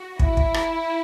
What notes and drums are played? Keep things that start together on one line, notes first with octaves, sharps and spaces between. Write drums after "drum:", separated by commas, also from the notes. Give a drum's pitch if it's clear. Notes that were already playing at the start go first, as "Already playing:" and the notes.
Already playing: F#4
E4, drum: kick
drum: kick
drum: rim click